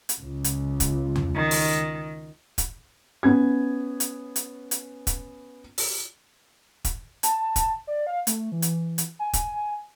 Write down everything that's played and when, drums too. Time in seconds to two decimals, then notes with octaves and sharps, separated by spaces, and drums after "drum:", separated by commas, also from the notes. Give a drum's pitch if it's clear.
0.09 drum: hi-hat
0.21 C#2
0.44 drum: hi-hat
0.80 drum: kick E1, hi-hat
1.16 drum: tom E2
1.35 D#3
1.51 drum: open hi-hat
2.58 drum: kick E1, hi-hat
3.23 B3 C#4 G#6
4.00 drum: hi-hat
4.36 drum: hi-hat
4.71 drum: hi-hat
5.07 drum: kick E1, hi-hat
5.78 drum: open hi-hat
6.85 drum: kick E1, hi-hat
7.23 A5, drum: hi-hat
7.56 drum: kick E1, hi-hat
7.87 D5
8.07 F5
8.27 A3, drum: hi-hat
8.52 E3
8.62 drum: hi-hat
8.98 drum: hi-hat
9.19 G#5
9.33 drum: kick E1, hi-hat